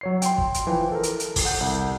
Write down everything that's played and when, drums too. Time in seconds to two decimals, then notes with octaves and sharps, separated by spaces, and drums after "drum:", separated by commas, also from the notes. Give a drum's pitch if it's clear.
0.01 F#3 C#5 C7
0.22 G5 C6, drum: hi-hat
0.38 drum: kick
0.54 drum: hi-hat
0.67 E3 F3 G5
0.92 A4 A#4
1.03 drum: hi-hat
1.20 drum: hi-hat
1.36 drum: kick, open hi-hat
1.45 F#5 G6
1.61 C2